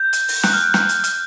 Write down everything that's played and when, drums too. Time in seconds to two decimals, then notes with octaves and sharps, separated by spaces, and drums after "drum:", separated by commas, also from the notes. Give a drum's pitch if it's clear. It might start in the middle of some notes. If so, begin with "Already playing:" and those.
Already playing: G6
0.13 drum: hi-hat
0.28 drum: open hi-hat
0.43 F#6, drum: snare
0.54 F6
0.64 F#6
0.74 drum: snare
0.89 drum: hi-hat
1.04 F6, drum: hi-hat